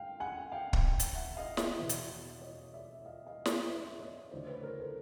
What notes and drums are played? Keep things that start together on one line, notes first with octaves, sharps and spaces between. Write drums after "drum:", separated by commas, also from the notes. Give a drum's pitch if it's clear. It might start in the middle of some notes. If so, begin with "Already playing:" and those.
Already playing: G2 F5 G5
F#5 G#5
F5 G5
drum: kick
drum: hi-hat
E5 F#5
D#5 F5
D5 E5, drum: snare
E2 B2
drum: hi-hat
C#5 D#5
D5 E5
D#5 F5
D#5 F5
drum: snare
D5 E5
C#5 D#5
D2 C#3 E3 C5 D5
B4 C#5
A#4 C5
A4 B4